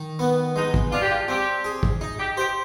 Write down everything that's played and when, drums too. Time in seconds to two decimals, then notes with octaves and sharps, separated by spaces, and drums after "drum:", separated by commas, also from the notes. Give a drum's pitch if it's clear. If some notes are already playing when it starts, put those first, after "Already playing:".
Already playing: D#3
0.19 B3
0.56 G#3 D#4
0.74 drum: kick
0.92 D4 F4
1.01 G4
1.11 F4
1.28 C4 G4
1.64 G#4
1.83 drum: kick
2.01 D#4
2.19 G4
2.37 G4 C5